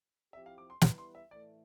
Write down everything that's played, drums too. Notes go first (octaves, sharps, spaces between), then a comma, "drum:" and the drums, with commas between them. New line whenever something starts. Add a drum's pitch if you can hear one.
F3 C4 E4 G4 E5
F5
D6
C6
E3 G3 B3 E4 B4 C6, drum: snare
C6
E5
A2 E3 A3 D5